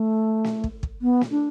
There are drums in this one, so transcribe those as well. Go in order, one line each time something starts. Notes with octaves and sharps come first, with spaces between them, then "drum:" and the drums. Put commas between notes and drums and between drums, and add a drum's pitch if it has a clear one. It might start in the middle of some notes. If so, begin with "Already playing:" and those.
Already playing: A3
drum: snare
drum: kick
drum: kick
B3
drum: snare
D4